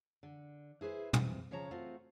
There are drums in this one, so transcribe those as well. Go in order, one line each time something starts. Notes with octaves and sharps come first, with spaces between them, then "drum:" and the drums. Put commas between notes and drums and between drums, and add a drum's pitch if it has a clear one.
D3
E4 G#4 B4 C5
F2 G#2 C3 E3, drum: tom
C#3 F3 G#4 C#5 A5 A#5
A3 C4 F4 F#4